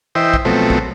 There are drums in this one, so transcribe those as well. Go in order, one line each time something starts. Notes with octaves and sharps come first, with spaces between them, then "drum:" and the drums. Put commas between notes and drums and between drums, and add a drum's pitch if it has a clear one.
E3 C5 D#5 E5 G5
drum: kick
B2 F3 F#3 A3 C4
drum: kick